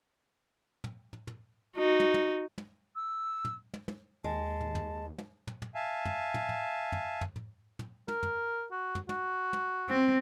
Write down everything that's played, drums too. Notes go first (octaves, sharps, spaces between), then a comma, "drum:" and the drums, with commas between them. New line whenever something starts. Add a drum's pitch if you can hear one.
drum: tom
drum: tom
drum: tom
D#4 F#4
drum: tom
drum: tom
drum: tom
E6
drum: tom
drum: tom
drum: tom
D#2 G#3 A5
drum: tom
drum: tom
drum: tom
drum: tom
drum: tom
E5 F5 G#5 A5
drum: tom
drum: tom
drum: tom
drum: tom
drum: tom
drum: tom
drum: tom
A#4, drum: tom
drum: tom
F#4
drum: tom
F#4, drum: tom
drum: tom
C4